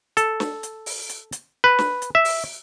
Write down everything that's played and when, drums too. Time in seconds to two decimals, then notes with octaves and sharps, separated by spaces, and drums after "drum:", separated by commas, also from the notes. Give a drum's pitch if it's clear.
0.17 A4, drum: hi-hat
0.40 drum: snare
0.63 drum: hi-hat
0.86 drum: open hi-hat
1.09 drum: hi-hat
1.32 drum: hi-hat
1.64 B4
1.79 drum: snare
2.02 drum: hi-hat
2.15 E5
2.25 drum: open hi-hat